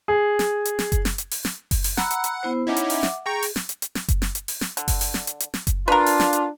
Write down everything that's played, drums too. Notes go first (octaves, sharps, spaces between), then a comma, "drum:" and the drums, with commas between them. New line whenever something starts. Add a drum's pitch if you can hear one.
G#4
drum: snare
drum: hi-hat
drum: snare
drum: kick F#1, hi-hat
drum: snare
drum: hi-hat
drum: open hi-hat
drum: snare
drum: kick F#1, open hi-hat
drum: open hi-hat
F#5 A#5 B5 E6, drum: snare
drum: hi-hat
drum: hi-hat
B3 E4 C5
C#4 D#4 E4 E5 F#5 D6
drum: hi-hat
drum: open hi-hat
drum: snare
G#4 G5 A#5 C#6
drum: open hi-hat
drum: snare
drum: hi-hat
drum: hi-hat
drum: snare
drum: kick F#1, hi-hat
drum: snare
drum: hi-hat
drum: open hi-hat
drum: snare
D3, drum: hi-hat
drum: kick F#1, open hi-hat
drum: open hi-hat
drum: snare
drum: hi-hat
drum: hi-hat
drum: snare
drum: kick F#1, hi-hat
D4 F4 A#4 B4
drum: open hi-hat
drum: snare
drum: hi-hat